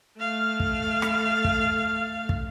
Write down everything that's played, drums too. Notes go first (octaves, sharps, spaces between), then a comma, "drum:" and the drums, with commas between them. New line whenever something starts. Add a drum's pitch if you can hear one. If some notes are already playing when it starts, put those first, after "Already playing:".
A3 F5
drum: kick
drum: rim click
drum: kick
drum: kick